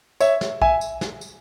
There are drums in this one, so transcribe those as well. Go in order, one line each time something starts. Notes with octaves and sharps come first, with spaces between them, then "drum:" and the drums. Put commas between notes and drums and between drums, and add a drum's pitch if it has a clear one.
C#5 E5, drum: tambourine
drum: snare
E5 G#5, drum: kick A#1
drum: tambourine
drum: snare
drum: tambourine